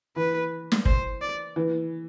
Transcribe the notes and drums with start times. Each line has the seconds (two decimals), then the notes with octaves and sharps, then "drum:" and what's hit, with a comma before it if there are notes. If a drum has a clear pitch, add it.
0.16 E3 B4
0.72 drum: snare
0.85 C5, drum: kick
1.21 D5
1.56 E3